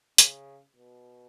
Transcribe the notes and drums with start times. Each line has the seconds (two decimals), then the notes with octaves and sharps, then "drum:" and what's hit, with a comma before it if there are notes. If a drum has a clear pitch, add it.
0.18 C#3, drum: hi-hat
0.76 B2